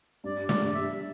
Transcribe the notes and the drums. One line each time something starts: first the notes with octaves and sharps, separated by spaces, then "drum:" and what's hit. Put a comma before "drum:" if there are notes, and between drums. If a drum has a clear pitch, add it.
G2 D5
D5, drum: snare
G2
E5